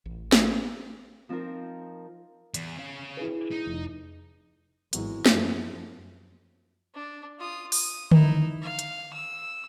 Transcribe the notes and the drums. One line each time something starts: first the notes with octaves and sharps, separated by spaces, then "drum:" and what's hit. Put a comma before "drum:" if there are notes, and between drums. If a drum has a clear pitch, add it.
A1
drum: snare
F3 C4 D#4 F4 A#4
E2, drum: hi-hat
C#4 F5
E4 G#4 B4
D#4
F1
G#1 E3 F#3 G#3 B3, drum: hi-hat
F#2 F3, drum: snare
D4
F4 D#6
D#6, drum: open hi-hat
D#4 E4, drum: tom D3
F5
drum: hi-hat
E6